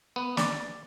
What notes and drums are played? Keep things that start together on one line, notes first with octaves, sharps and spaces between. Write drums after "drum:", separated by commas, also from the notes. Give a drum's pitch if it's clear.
B3
D5, drum: snare